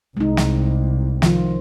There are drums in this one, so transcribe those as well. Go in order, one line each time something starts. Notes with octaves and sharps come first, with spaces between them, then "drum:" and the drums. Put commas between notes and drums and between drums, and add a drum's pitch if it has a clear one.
C2 G#3 D#4
drum: snare
D#3 F3 F4, drum: snare